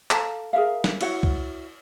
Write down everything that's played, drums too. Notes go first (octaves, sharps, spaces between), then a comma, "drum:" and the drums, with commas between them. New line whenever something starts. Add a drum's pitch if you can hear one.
A4 F5 A5 A#5, drum: clap
G#4 A#4 E5 F5
drum: snare
E4 F#4 C#5 F#5, drum: cymbal
drum: kick